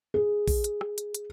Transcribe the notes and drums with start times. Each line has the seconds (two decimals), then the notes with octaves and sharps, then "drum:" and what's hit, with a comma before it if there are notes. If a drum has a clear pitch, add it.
0.14 G#4
0.48 drum: kick A#1, open hi-hat
0.64 drum: hi-hat
0.81 drum: rim click
0.98 drum: hi-hat
1.15 drum: hi-hat